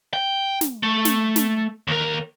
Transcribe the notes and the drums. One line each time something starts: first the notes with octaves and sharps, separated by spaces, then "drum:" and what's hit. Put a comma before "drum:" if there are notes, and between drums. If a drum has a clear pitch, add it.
G5
drum: snare
A3
drum: snare
drum: snare
D#2 A#4